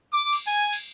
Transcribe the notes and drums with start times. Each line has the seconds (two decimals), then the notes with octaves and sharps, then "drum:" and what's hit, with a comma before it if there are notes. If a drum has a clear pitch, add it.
0.13 D6
0.33 drum: cymbal
0.47 G#5
0.73 drum: cymbal